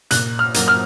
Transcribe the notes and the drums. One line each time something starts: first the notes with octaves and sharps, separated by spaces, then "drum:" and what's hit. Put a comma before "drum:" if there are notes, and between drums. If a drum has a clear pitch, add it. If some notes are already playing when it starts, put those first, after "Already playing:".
A#2 F#6, drum: hi-hat
F6
F#3 A#3, drum: hi-hat
F6